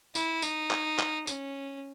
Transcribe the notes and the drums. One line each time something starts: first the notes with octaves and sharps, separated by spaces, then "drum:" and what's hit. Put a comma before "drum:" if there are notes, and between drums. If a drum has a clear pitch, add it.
E4, drum: tambourine
D#4, drum: tambourine
drum: clap
drum: clap
C#4, drum: tambourine